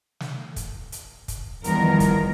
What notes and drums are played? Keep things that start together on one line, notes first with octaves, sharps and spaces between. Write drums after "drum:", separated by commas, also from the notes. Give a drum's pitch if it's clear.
drum: snare
drum: kick, hi-hat
drum: hi-hat
drum: kick, hi-hat
E2 D#3 F3 G3 B3 A#4, drum: hi-hat
drum: kick, hi-hat